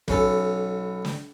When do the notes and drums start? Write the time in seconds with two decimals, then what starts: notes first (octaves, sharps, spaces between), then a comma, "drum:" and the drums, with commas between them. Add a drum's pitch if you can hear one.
0.08 B1 C#4 A4, drum: kick
1.05 drum: snare